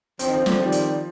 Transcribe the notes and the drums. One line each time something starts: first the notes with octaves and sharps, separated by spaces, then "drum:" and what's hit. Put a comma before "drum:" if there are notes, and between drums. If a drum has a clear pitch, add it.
F3 C4, drum: hi-hat
D#3
D3 F3
drum: snare
D#3 F3 G3
drum: hi-hat